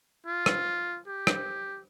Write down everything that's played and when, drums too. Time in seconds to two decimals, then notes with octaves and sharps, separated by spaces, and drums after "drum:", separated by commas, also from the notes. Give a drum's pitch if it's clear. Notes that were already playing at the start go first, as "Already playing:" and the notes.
0.26 F4
0.46 drum: rim click
1.07 G4
1.27 drum: rim click